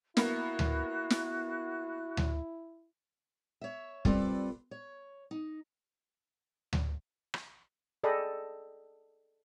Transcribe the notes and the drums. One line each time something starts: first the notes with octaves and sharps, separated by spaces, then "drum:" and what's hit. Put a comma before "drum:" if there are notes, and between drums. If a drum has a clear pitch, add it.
A#3 B3 E4 F#4 F#6, drum: snare
drum: tom D2
drum: snare
drum: tom D2
C#5 E5
G3 C4 F4 A4 B4 D5, drum: kick
C#5
D#4
drum: tom D2
drum: rim click
G#4 A4 D5 D#5 G5 B5